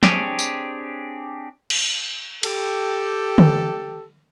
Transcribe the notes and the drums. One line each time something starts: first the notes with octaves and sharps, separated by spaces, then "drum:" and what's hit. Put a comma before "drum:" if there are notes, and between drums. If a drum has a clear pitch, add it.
C4 D4 G4 G#4 C#5, drum: snare
drum: tambourine
drum: cymbal
G4 A4, drum: cymbal
drum: tom D3